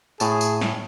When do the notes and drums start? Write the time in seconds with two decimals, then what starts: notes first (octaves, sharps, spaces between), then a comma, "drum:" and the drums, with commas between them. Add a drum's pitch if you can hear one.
0.20 A2 G#4 A5, drum: tambourine
0.41 drum: tambourine
0.61 drum: snare